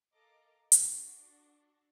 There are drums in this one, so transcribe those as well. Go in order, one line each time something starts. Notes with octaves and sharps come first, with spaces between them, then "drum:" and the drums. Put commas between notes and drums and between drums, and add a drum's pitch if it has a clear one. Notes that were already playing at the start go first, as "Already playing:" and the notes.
A4 A#4 D#5 F5 A#5 D6
D4 F#4 A4, drum: hi-hat